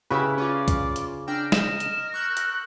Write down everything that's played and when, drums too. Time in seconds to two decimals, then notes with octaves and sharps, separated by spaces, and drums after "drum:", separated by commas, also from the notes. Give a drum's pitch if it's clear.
0.11 C#3 E4 F#4 G4 B4 E5
0.38 C#4 F4 D5
0.68 drum: kick, hi-hat
0.96 drum: hi-hat
1.28 D4 A#4 G5 E6
1.52 A#4 D#5 E7, drum: snare
1.80 drum: hi-hat
2.14 C#6 E6 F#6 G6
2.37 drum: hi-hat